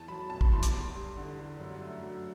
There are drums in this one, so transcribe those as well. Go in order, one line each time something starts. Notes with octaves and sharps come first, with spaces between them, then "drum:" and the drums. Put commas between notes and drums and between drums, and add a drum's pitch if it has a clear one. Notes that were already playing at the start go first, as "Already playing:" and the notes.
Already playing: E2 A5
F#3 B5
B2 A5
B5, drum: kick
E2 C6
D6, drum: hi-hat
G2 C6
G3
D3
G2
F#2
A3
F#3